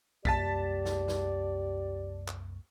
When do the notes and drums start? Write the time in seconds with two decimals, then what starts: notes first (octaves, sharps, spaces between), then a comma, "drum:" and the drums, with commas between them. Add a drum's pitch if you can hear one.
0.25 C2 F#2 A#3 G4 D5 A5 A6 B6, drum: kick B1
0.85 drum: snare
1.08 drum: snare
2.28 drum: clap